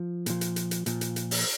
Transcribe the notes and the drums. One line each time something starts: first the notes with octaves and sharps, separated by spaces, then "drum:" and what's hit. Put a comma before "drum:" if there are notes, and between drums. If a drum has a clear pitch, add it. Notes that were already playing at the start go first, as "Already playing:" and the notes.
Already playing: F3
A#2 F3, drum: hi-hat
drum: hi-hat
drum: hi-hat
drum: hi-hat
A#2 F3, drum: hi-hat
drum: hi-hat
drum: hi-hat
drum: open hi-hat